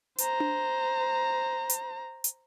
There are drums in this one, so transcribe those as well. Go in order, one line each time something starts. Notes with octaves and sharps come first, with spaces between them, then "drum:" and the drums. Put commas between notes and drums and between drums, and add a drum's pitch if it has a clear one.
C5 A#5, drum: hi-hat
drum: tom D4
drum: hi-hat
drum: hi-hat